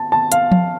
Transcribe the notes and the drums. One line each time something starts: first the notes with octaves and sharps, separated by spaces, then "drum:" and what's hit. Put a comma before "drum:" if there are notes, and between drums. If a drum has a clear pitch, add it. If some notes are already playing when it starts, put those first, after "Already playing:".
Already playing: A5
A5
F5, drum: hi-hat
drum: tom F3